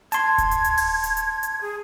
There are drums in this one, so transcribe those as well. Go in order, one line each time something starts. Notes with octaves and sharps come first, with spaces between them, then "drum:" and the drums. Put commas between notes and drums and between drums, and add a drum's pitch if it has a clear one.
A5 C6 G#6, drum: hi-hat
drum: kick D1, hi-hat
drum: hi-hat
drum: hi-hat
drum: open hi-hat
drum: hi-hat
drum: hi-hat
drum: hi-hat
G#4